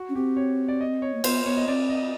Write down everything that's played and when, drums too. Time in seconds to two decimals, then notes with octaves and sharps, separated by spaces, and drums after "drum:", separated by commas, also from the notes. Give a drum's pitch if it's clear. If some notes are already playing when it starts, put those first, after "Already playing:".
Already playing: F#4
0.09 C#4
0.15 C4 G4
0.37 C#5
0.68 D5
0.81 D#5
1.02 C#5
1.14 A#3
1.24 B3 C5, drum: cymbal
1.45 B3 C#5
1.57 D#5
1.67 C4 D5
1.90 D#5